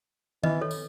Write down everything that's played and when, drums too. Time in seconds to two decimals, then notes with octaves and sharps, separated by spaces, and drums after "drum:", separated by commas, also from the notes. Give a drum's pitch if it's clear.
0.44 E3 B4 D#5, drum: tom D#3
0.61 A4 C#5
0.71 drum: tambourine